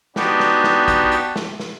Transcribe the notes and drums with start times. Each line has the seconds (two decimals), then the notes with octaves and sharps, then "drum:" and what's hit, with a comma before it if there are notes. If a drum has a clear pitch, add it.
0.16 B3 D4 D#4 F#4 G4, drum: snare
0.40 drum: snare
0.64 drum: snare
0.88 drum: kick, hi-hat
1.12 drum: hi-hat
1.36 drum: snare
1.60 drum: snare